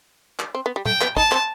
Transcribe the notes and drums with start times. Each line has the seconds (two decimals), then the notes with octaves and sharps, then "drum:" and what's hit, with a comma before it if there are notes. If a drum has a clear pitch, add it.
0.39 drum: clap
0.55 C4
0.66 B3
0.76 G3
0.85 A3 G5, drum: tom
1.01 B3, drum: clap
1.16 D#4 A5, drum: kick
1.32 C4, drum: clap